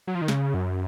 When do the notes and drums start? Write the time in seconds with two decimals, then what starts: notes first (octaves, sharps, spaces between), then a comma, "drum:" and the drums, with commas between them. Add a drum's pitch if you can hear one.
0.07 F#3
0.15 F3
0.22 D#3
0.28 C#3, drum: snare
0.54 F#2